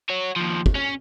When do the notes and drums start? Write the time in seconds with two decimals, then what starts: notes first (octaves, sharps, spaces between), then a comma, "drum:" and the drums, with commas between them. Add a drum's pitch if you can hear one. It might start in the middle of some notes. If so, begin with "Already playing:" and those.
0.09 F#4 C#5
0.36 D#2 F3
0.66 drum: kick
0.75 C#4